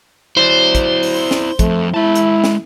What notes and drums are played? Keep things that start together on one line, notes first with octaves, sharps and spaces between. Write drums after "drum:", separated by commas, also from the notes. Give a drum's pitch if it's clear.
F#3 E4 C5 D5
drum: kick, hi-hat
drum: open hi-hat
drum: snare
F2 A3, drum: kick, hi-hat
G#3 E4 A5
drum: hi-hat
drum: snare